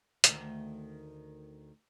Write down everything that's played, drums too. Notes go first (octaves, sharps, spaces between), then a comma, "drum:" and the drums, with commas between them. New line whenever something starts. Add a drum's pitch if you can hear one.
D2 D#3, drum: hi-hat